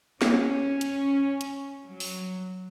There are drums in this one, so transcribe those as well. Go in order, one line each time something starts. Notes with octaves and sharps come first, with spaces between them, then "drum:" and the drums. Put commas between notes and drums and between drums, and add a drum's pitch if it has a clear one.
C#4, drum: snare
drum: hi-hat
drum: hi-hat
F#3
drum: open hi-hat